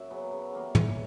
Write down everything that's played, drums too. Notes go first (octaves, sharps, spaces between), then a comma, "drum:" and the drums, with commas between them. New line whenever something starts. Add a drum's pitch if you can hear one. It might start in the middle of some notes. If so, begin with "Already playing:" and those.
Already playing: F#2 E5
C#3 F#3 B3
C#3
E3 G3 A#3
C#3, drum: tom